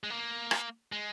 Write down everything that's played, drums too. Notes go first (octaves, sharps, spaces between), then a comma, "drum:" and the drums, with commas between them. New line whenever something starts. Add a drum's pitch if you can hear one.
G#3
A#3
drum: rim click
G#3